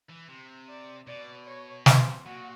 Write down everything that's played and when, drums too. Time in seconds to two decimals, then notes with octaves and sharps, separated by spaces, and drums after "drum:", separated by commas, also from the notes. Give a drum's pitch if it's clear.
0.09 E3
0.28 C3
0.68 D5
1.07 B2 D5
1.46 C#5
1.86 C5, drum: snare
2.25 A#2 F#4